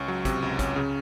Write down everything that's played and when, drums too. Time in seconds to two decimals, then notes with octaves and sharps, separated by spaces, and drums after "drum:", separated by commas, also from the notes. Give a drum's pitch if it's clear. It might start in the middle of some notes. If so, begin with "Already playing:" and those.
Already playing: C#2 C#4 C#6
0.08 F#3
0.25 C3, drum: kick, hi-hat
0.42 C#2
0.59 C#4, drum: kick, hi-hat
0.76 C#3